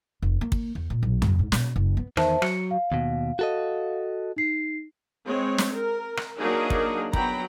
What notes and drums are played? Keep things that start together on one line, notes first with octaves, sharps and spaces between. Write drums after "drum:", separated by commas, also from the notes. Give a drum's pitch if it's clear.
F1
A#3
drum: kick
E2
A#2
B1
F#2, drum: tom F2
G#2
B2, drum: snare
F#1
B3
E2 D#3 C5 E5 A5, drum: rim click
F#3 C#7, drum: rim click
F5
D#2 B2
F#4 A4 D#5
D#4 C7
G#3 C4 C#5
drum: snare
A#4
drum: rim click
F#3 A#3 D4 D#4 G#4 A#4
drum: kick
F#3 B3 G5 A#5 B5, drum: kick